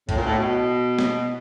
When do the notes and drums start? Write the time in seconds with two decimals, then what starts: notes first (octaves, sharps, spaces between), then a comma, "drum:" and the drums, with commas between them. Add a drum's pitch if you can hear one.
0.09 A2, drum: kick, cymbal
0.17 A#2
0.26 A2
0.39 B2
0.99 drum: snare